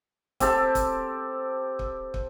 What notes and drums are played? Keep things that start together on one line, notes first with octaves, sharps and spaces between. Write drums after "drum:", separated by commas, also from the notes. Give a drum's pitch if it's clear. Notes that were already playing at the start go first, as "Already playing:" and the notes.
C4 G4 A4, drum: kick, hi-hat
drum: kick, hi-hat
drum: kick
drum: kick